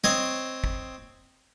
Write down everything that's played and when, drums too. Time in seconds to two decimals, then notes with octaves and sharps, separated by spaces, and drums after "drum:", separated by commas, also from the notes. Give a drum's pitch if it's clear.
0.04 C4 C#5 D#5, drum: snare
0.64 drum: kick